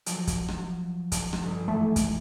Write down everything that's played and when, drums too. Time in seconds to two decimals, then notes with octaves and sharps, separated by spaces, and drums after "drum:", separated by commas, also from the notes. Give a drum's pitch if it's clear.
0.06 F3 F#3, drum: hi-hat
0.27 drum: kick, hi-hat
0.48 drum: rim click
1.12 drum: kick, hi-hat
1.33 drum: rim click
1.44 G1
1.68 G#2 E3 A3
1.96 drum: kick, hi-hat